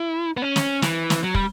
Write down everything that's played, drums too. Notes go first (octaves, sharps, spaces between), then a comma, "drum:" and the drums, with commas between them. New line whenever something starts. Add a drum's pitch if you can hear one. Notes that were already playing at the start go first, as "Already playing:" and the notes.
Already playing: E4
B3
C#4
drum: snare
E3, drum: snare
drum: snare
F#3
G3, drum: kick